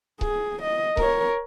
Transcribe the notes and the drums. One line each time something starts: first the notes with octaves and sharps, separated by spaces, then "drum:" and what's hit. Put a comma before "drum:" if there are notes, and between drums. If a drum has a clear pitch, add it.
G#4, drum: kick C#1
D#5
A#4 C#5, drum: kick C#1